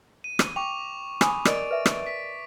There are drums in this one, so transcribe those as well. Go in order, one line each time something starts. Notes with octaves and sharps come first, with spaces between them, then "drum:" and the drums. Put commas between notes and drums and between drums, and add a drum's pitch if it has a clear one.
D#7
drum: rim click
G5 C#6 D6 F7
G#5 B5 D#6, drum: rim click
A#4 D5 D#5 A6 D7, drum: rim click
B4 E5
drum: rim click
B6